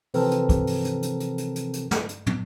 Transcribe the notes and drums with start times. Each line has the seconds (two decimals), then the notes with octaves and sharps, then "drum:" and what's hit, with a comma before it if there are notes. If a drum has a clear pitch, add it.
0.14 C3 E3 F3 C4 A4 A#4, drum: open hi-hat
0.32 drum: hi-hat
0.49 drum: kick, hi-hat
0.67 drum: open hi-hat
0.85 drum: hi-hat
1.02 drum: hi-hat
1.20 drum: hi-hat
1.38 drum: hi-hat
1.56 drum: hi-hat
1.73 drum: hi-hat
1.91 drum: snare
2.09 drum: hi-hat
2.26 drum: tom